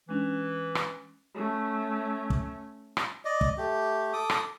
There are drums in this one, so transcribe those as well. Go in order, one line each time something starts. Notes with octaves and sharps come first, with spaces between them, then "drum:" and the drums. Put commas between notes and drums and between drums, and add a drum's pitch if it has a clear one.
E3 G#3 C#4 D4
drum: rim click
A3 C#4
drum: kick
drum: rim click
D5 D#5
drum: kick
A3 G4
A4 D6 D#6
drum: rim click